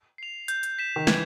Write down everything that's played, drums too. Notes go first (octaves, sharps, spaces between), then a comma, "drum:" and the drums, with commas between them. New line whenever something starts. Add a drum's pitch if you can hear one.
C7 F7
G6, drum: hi-hat
drum: hi-hat
B6 E7
D#3
E3 G#6, drum: snare